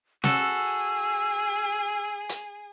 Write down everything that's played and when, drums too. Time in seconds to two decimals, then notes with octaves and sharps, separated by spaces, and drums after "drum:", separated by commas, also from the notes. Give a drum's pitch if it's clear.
0.24 F#4 G#4 A4 E6, drum: snare
2.29 drum: hi-hat